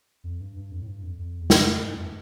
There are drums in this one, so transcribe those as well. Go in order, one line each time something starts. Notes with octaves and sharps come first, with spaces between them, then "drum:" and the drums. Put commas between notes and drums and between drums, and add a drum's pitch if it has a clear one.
F2
G2
G2
F2
A2
G2
F2
F2
E2
F2, drum: snare
G2
F2